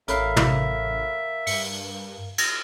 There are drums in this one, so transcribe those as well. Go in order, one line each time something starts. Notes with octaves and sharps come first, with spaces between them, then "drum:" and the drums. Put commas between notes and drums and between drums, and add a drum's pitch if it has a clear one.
A1 A4 A#4 C#5 E5 F5 B5, drum: hi-hat
drum: tom
G2 C#7, drum: open hi-hat
drum: cymbal